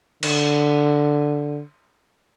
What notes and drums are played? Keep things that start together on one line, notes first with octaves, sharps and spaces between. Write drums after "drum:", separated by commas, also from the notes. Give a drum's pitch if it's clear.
D3, drum: cymbal